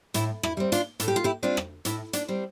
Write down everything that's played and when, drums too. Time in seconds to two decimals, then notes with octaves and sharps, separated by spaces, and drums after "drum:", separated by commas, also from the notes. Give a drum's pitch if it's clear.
0.14 A2 E4, drum: hi-hat
0.43 E4, drum: rim click
0.57 G3 C4
0.72 D4 F4, drum: hi-hat
1.00 A2 A4, drum: hi-hat
1.08 G4
1.16 F4
1.24 E4 G4
1.43 G3 C4 D4 F4
1.57 drum: rim click
1.85 A2 E4, drum: hi-hat
2.13 D4, drum: hi-hat
2.28 G3 C4